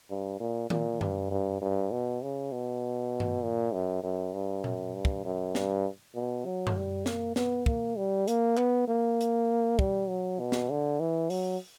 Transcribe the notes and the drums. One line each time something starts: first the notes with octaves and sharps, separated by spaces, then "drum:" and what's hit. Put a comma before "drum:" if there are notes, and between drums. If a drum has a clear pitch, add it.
G2
A#2
A#2, drum: tom D#3
G2, drum: tom F#2
G2
G2
B2
C#3
B2
drum: tom G2
A#2
F#2
F#2
G2
F#2, drum: tom A#2
G2
drum: kick
F#2
G2, drum: snare
B2
F#3
drum: tom F#2
G3
A#3, drum: snare
B3, drum: snare
A#3, drum: kick
G3
A#3, drum: hi-hat
B3, drum: clap
A#3
drum: hi-hat
G3, drum: kick
F#3
B2
drum: snare
D3
E3
F#3, drum: open hi-hat